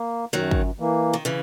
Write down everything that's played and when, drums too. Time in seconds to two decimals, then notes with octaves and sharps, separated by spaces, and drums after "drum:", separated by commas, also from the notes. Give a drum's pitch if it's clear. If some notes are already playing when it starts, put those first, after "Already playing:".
Already playing: A#3
0.33 F#2 D#3 F#3
0.51 drum: kick
0.79 E3 A#3
1.13 D#3
1.25 C#3 E3